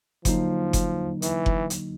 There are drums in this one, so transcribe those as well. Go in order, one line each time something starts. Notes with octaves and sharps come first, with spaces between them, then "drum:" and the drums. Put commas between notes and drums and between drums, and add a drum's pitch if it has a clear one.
D3 F3 F#3 A#3 D#4, drum: kick F#1, hi-hat
drum: kick F#1, hi-hat
E3, drum: hi-hat
drum: kick F#1
drum: hi-hat